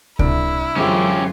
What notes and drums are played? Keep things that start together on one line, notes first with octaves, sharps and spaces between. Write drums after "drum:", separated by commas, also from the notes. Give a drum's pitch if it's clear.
C2 D4 E4 D7, drum: kick C#2
G1 F#2 E3 G#3 C4 C#4 F4 G4